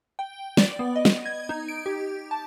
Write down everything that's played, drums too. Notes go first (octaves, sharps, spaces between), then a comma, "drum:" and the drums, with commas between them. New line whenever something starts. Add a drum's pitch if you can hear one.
G5
D5, drum: snare
B3
D#5
drum: snare
G#6
D#4
D7
G4
A5